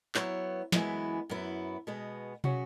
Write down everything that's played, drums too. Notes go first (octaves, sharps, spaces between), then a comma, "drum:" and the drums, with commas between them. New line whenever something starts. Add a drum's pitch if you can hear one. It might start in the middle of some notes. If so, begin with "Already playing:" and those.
F#3 B3 E4 C#5, drum: clap
F#2 E3 G#3 B3 E4, drum: snare
F#2 F#3 B3 E4
B2 G#3 B3
C#3 F#3 C#4 F#4, drum: tom